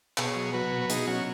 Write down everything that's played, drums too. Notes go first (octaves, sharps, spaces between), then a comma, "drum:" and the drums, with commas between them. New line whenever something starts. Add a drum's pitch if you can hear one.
B2 G#4 C#5, drum: clap
F#3
F#3 F#4 B4
B2
B4
B2 D#4 G#4, drum: hi-hat
F#3 C#4 F#4